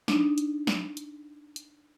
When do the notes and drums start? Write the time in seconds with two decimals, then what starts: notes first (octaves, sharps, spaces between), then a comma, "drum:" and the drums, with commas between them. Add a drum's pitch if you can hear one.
0.08 D4 D#4, drum: snare
0.38 drum: hi-hat
0.67 drum: snare
0.97 drum: hi-hat
1.56 drum: hi-hat